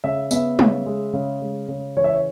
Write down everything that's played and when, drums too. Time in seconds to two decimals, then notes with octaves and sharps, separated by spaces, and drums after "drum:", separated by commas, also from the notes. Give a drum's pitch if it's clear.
0.04 C#3 E5
0.31 B3 E5, drum: tambourine
0.59 C#3, drum: tom
0.86 G#3
1.13 C#3
1.41 G#3
1.68 C#3
1.97 E3 C#5
2.04 E5
2.14 C#5